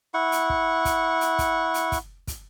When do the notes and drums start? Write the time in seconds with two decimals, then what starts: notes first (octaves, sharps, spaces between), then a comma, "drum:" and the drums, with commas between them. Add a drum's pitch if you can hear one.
0.14 E4 F#5 C#6
0.32 drum: hi-hat
0.50 drum: kick
0.85 drum: kick, hi-hat
1.21 drum: hi-hat
1.39 drum: kick, hi-hat
1.74 drum: hi-hat
1.92 drum: kick, hi-hat
2.27 drum: kick, hi-hat